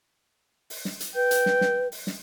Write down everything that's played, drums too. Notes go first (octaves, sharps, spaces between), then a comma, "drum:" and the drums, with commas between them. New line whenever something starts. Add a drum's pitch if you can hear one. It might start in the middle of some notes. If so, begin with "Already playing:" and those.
drum: open hi-hat
drum: snare
drum: hi-hat
B4 G5
drum: hi-hat
drum: snare
drum: snare
drum: open hi-hat
drum: snare